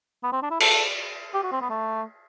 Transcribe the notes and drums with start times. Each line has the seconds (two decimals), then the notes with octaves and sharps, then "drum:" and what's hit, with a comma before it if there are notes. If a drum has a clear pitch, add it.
0.23 B3
0.32 C4
0.42 D4
0.50 E4
0.60 A4, drum: cymbal
1.34 G4
1.43 F#4
1.52 C4
1.61 B3
1.69 A3